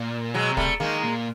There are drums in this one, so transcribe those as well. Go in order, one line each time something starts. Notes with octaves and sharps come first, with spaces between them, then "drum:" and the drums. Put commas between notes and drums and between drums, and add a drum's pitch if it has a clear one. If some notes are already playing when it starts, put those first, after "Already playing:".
Already playing: A#2
B2 F#3 G#3
C3
G3 A3, drum: kick
D#3 G#3 A#3
A#2